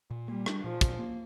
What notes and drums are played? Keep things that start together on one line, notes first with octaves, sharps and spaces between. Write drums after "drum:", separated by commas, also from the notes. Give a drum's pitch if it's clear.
A#2
G3 A#3
D4, drum: rim click
A#2 F3
A#2, drum: kick, hi-hat
A#3